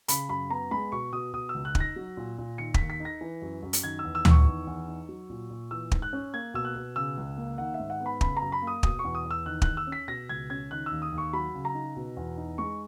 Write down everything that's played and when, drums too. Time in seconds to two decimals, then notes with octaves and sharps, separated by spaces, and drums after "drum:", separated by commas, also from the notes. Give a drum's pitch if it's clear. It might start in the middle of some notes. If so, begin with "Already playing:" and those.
0.08 C#3 B5, drum: hi-hat
0.29 F#2 B5
0.50 B3 A#5
0.71 G#3 B5
0.92 B2 C#6
1.13 B2 D#6
1.33 B2 D#6
1.49 E6
1.54 C#2
1.65 F#6
1.75 D#4, drum: kick
1.80 A#6
1.96 F#3
2.17 A#2
2.38 A#2
2.58 D#3 C#7
2.74 D#2 B6, drum: kick
2.90 B6
3.00 D#4
3.05 A#6
3.21 E3
3.42 F#2
3.63 F#2
3.73 drum: hi-hat
3.83 D#3 G#6
3.99 E6
4.04 E2
4.15 E6
4.25 E2, drum: tom D2
4.31 C#6
4.46 D#3
4.67 E2
4.88 D#4
5.09 F#3
5.30 A#2
5.50 A#2
5.71 E3 E6
5.92 G#2, drum: kick
6.02 F#6
6.13 C#4
6.33 A#3 G#6
6.54 B2 E6
6.65 F#6
6.75 B2
6.96 C#3 E6
7.17 C#2
7.37 A#3
7.58 D#3 F#5
7.74 E5
7.80 G#2
7.90 F#5
8.01 B3
8.06 B5
8.21 C#3 B5, drum: kick
8.37 A#5
8.42 F#2
8.52 B5
8.62 A#3
8.67 D#6
8.83 B2 D#6, drum: kick
8.99 C#6
9.04 E2
9.15 D#6
9.25 E2
9.31 E6
9.46 D#3 F#6
9.62 D#2 F#6, drum: kick
9.77 E6
9.87 C#4
9.92 B6
10.08 B2 A#6
10.29 C#2 G#6
10.50 C#4 G#6
10.71 D#3 F#6
10.86 D#2 E6
11.02 D#6
11.12 D#2
11.18 C#6
11.33 F#3 B5
11.54 C#3
11.65 A#5
11.75 D#4
11.96 B2
12.16 E2
12.37 D#4
12.58 G#3 C#6